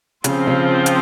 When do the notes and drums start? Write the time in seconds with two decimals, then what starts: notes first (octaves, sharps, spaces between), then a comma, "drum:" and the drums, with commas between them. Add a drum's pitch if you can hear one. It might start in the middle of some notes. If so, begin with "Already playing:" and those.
0.24 C#3 F3 C4 F4, drum: hi-hat
0.47 C#3
0.86 drum: hi-hat